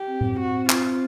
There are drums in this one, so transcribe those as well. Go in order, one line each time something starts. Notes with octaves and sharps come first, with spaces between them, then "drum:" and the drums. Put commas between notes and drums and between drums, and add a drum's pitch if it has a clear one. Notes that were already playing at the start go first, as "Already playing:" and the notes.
Already playing: G4
C4
drum: tom A2
F#4
F4, drum: clap